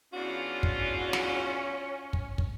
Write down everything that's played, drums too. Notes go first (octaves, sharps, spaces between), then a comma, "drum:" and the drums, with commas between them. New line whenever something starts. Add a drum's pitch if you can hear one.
E2 C#4 D4 F4 F#4
drum: kick
drum: snare
drum: kick
drum: kick